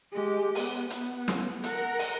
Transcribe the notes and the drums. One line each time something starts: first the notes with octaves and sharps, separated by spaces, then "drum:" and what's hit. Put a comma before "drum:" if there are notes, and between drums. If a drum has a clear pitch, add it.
G#3 G4
B3, drum: open hi-hat
B3, drum: hi-hat
drum: snare
A#4 F#5, drum: hi-hat
drum: open hi-hat